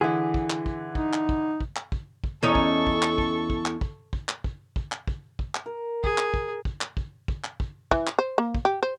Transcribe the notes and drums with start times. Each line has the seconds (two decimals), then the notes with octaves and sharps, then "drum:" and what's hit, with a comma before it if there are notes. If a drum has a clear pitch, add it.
0.01 D3 E3 E4 G#4
0.34 drum: kick
0.50 drum: clap
0.66 drum: kick
0.95 D#4, drum: kick
1.13 drum: clap
1.29 drum: kick
1.60 drum: kick
1.76 drum: clap
1.92 drum: kick
2.24 drum: kick
2.43 E2 C#4 D#4 A4 C#6
2.55 drum: kick
2.87 drum: kick
3.02 drum: clap
3.18 drum: kick
3.50 drum: kick
3.66 drum: clap
3.81 drum: kick
4.13 drum: kick
4.29 drum: clap
4.44 drum: kick
4.76 drum: kick
4.92 drum: clap
5.07 drum: kick
5.39 drum: kick
5.55 drum: clap
5.66 A#4
6.04 G#4, drum: kick
6.18 drum: clap
6.34 drum: kick
6.65 drum: kick
6.81 drum: clap
6.97 drum: kick
7.28 drum: kick
7.44 drum: clap
7.60 drum: kick
7.91 E3, drum: kick
8.07 drum: clap
8.19 C5
8.38 A#3
8.55 drum: kick
8.65 G4
8.83 C5